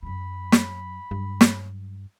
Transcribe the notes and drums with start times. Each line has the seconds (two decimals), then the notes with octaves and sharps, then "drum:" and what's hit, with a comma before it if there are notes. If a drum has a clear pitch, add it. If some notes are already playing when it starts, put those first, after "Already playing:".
0.03 F#2 F#3 B5
0.52 drum: snare
1.11 G2 F#3
1.41 drum: snare